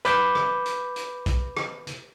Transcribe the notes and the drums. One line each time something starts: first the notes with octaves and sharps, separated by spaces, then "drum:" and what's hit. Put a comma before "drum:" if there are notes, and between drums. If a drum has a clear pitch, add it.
B4 B5 D6 G6, drum: hi-hat
drum: rim click
drum: hi-hat
drum: hi-hat
drum: kick, hi-hat
drum: rim click
drum: hi-hat